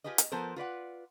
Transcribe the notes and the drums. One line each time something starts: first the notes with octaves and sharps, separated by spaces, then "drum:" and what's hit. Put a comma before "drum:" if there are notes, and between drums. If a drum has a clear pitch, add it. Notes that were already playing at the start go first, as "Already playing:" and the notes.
F4 G4 G#4 B4 D#5
drum: hi-hat
F3 B3 A4 A#4 C5
F4 B4 D5 F#5